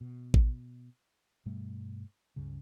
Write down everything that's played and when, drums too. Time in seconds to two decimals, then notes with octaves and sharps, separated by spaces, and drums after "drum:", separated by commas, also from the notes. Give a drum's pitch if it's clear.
0.01 B2
0.34 drum: kick
1.46 G2 B2 G3 A3
2.36 C#2 G2 C#3